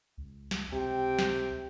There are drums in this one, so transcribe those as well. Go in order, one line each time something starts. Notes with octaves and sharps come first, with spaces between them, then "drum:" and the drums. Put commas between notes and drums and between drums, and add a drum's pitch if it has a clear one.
C#2
drum: snare
C#2 C3 G5
drum: snare